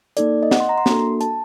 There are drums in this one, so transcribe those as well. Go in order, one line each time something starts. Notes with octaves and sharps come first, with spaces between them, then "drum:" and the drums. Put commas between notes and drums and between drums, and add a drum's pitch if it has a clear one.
A#3 D#4 A4 D5, drum: hi-hat
D#5
F#5, drum: snare
C6
A#5
C6
A#3 D4 F#4 A4, drum: snare
A5, drum: hi-hat